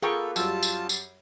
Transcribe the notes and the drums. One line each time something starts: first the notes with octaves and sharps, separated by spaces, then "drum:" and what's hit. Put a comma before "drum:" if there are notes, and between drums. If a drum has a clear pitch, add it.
A#3 B3 F4 G#4 A4 G5 C#6
F#2 G3 F4 A5 E6, drum: tambourine
drum: tambourine
drum: tambourine